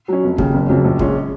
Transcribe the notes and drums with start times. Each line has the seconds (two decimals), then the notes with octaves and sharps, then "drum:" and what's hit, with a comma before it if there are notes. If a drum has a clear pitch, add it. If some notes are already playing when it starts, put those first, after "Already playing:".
0.08 F#3 C#4
0.24 F1
0.38 D#2 C#3, drum: kick
0.54 F#1
0.69 F2 C#3 F#3
0.84 A#1
0.99 A#2 G#3 C#4, drum: kick